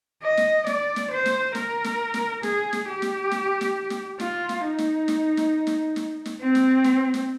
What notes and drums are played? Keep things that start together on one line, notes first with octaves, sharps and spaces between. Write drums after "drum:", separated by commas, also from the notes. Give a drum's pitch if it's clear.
D#5
drum: snare
D5, drum: snare
drum: snare
C5
drum: snare
A#4, drum: snare
drum: snare
drum: snare
G#4, drum: snare
drum: snare
G4
drum: snare
drum: snare
drum: snare
drum: snare
F4, drum: snare
drum: snare
D#4
drum: snare
drum: snare
drum: snare
drum: snare
drum: snare
drum: snare
C4
drum: snare
drum: snare
drum: snare